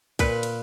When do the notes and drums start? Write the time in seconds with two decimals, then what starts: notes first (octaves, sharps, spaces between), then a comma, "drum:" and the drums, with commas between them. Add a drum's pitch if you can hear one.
0.19 A#2 B4, drum: kick B1, cymbal
0.43 drum: cymbal